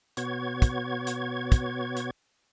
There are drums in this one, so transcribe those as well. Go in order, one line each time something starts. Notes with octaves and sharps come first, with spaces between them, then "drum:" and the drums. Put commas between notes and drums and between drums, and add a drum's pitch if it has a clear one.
B2 B3 F#4 C#5 G#6, drum: hi-hat
drum: kick, hi-hat
drum: hi-hat
drum: kick, hi-hat
drum: hi-hat